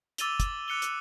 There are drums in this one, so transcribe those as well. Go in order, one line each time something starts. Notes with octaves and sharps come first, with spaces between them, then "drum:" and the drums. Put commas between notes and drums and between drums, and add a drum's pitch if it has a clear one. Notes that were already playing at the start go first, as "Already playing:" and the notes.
D6 E6 A6 D#7 F7 G7, drum: hi-hat
drum: kick, hi-hat
D6 F#6 C#7 F7 G7
drum: hi-hat